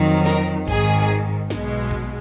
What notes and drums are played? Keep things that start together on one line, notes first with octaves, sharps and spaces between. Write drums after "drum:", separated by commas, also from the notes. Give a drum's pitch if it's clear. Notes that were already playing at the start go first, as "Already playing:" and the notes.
Already playing: F2 D#3 F#3
A#4, drum: snare
G#1 G#2 D#3 G#4, drum: kick A#1
B1 B2 G#3, drum: snare
drum: kick A#1